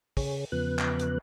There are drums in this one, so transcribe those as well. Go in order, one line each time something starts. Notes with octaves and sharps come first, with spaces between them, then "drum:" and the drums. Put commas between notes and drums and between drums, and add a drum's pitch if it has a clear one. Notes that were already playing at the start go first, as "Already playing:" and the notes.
C#3 G#4 C#5, drum: kick, open hi-hat
E2 C#3 F3 B3 B4 F#6
drum: clap
drum: hi-hat